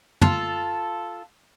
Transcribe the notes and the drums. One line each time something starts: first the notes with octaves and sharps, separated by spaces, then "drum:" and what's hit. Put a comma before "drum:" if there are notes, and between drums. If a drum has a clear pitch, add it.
F4 A4, drum: tom